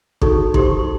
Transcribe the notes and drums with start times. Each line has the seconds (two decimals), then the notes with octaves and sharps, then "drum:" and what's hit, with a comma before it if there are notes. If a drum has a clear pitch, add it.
0.22 D#4 F#4 A4 C#5 C#6, drum: kick
0.54 D#4 G4 C5 C6, drum: kick
0.66 C#6
0.79 C6